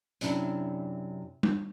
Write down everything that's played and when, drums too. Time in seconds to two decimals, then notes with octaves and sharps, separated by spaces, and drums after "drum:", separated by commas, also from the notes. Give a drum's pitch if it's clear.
0.21 F#2 C3 D4 E4, drum: hi-hat
1.43 drum: tom G3